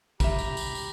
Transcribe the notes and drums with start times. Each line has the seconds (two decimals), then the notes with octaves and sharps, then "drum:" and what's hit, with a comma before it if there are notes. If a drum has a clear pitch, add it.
0.20 G2 G4 E5 A#5 B5, drum: kick, tambourine
0.39 drum: tambourine
0.57 drum: tambourine
0.75 drum: tambourine